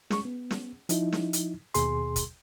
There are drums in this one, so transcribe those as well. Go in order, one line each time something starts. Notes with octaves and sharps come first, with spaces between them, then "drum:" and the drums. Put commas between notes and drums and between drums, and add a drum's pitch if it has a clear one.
G#3 C#6, drum: snare
B3
drum: snare
F3 D#4 E4, drum: hi-hat
drum: snare
drum: hi-hat
D#2 B2 G#4 C6, drum: hi-hat
drum: kick, hi-hat